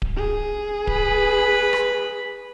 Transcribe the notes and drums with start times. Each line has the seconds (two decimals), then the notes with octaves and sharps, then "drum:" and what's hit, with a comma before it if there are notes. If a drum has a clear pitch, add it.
0.02 drum: kick D1
0.17 G#4
0.87 B4 B5, drum: kick D1
1.73 drum: rim click